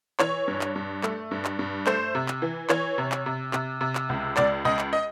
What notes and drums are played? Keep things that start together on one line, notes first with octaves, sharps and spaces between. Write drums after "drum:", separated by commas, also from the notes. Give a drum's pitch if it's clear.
E3 C#5, drum: clap
G2
drum: clap
G2
A3, drum: clap
G2
drum: clap
G2
A3 C5, drum: clap
C3
drum: clap
E3
E3 C#5, drum: clap
C3
drum: clap
C3
C3, drum: clap
C3
drum: clap
C#2
C#2 D5, drum: clap
C#2 D#5
drum: clap
D#5